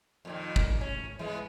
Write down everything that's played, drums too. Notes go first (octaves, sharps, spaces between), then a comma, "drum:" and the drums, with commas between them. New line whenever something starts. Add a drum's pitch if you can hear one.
F2 A#2 D#3
drum: kick
C#4
E3 G#3 B3